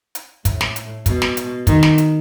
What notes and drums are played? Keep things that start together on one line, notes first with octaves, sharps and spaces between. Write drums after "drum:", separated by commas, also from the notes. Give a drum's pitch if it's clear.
drum: hi-hat
A2, drum: kick, hi-hat
drum: snare
drum: hi-hat
B2, drum: kick, hi-hat
drum: snare
drum: hi-hat
D#3, drum: kick, hi-hat
drum: snare
drum: hi-hat